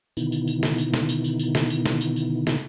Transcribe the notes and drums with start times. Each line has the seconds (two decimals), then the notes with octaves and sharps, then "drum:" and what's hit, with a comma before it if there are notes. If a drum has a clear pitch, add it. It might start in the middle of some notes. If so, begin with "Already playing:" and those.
0.17 B2 D3 D#3 B3 D#4 E4, drum: tambourine
0.32 drum: tambourine
0.48 drum: tambourine
0.63 drum: snare
0.78 drum: tambourine
0.94 drum: snare
1.09 drum: tambourine
1.24 drum: tambourine
1.40 drum: tambourine
1.55 drum: snare
1.70 drum: tambourine
1.86 drum: snare
2.01 drum: tambourine
2.16 drum: tambourine
2.47 drum: snare